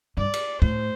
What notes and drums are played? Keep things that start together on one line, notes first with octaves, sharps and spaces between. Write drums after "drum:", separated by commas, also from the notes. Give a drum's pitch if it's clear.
G2 D5
drum: cymbal
A2 C5, drum: kick